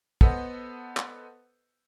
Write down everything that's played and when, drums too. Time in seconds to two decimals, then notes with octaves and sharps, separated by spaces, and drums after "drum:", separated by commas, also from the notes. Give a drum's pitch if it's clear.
0.21 B3 A4 B4 C5 D#5 F#5, drum: kick
0.97 drum: clap